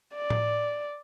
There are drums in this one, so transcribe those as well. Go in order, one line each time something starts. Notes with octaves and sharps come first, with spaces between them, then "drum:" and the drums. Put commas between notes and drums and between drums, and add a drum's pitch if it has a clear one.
D5
drum: tom A2